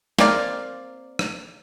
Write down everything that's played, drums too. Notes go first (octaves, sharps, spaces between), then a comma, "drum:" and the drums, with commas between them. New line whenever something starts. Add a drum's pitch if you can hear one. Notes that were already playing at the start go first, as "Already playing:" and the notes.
A#3 C4 D5 F5, drum: snare
drum: rim click